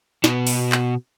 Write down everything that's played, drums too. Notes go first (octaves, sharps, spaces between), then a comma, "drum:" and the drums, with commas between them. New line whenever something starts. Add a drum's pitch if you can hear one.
B2 B3 F#4, drum: snare
drum: open hi-hat
drum: clap